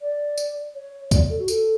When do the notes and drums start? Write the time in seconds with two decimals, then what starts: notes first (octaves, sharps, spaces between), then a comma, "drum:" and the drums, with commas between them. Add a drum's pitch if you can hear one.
0.01 D5
0.37 drum: tambourine
0.74 C#5
1.11 D5, drum: kick, tambourine
1.29 A4
1.39 F#4
1.48 A4, drum: tambourine